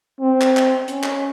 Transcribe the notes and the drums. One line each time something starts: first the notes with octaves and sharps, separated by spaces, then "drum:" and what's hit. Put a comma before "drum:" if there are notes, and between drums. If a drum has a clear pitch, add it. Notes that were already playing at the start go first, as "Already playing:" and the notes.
C4
drum: clap
drum: clap
C#4, drum: hi-hat
drum: clap